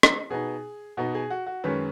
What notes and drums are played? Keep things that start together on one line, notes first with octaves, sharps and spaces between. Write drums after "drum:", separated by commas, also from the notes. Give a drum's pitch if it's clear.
drum: rim click
B2 B3 D#4 G#4
B2 B3 D#4 F#4
G#4
F#4
F#4
F#2 D#3 G#3 C#4 B4